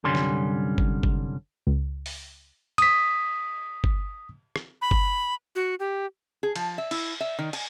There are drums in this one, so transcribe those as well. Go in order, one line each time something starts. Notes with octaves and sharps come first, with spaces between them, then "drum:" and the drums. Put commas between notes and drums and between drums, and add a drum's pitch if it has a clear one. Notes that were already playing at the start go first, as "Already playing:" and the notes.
C2 F#2 D3 G3 C#4 C6
drum: snare
drum: kick G1
drum: kick G1
C#2
drum: open hi-hat
D#6 B6, drum: cymbal
drum: kick G1
drum: rim click
B5
drum: kick G1
F#4
G4
G#4
F3, drum: cymbal
E5
E4, drum: cymbal
E5
D#3
G#5, drum: cymbal